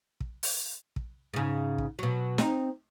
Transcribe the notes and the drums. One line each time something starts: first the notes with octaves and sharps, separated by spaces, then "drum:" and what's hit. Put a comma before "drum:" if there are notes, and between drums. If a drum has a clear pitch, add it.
drum: kick
drum: open hi-hat
drum: kick
G#2 C#3
drum: kick
B2 F#3
C4 D#4, drum: snare